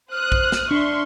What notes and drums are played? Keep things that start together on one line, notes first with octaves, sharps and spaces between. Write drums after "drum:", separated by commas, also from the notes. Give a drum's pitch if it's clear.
C5 D#6 F6 F#6
drum: kick A#1
drum: snare
D4 E5 C6 C#6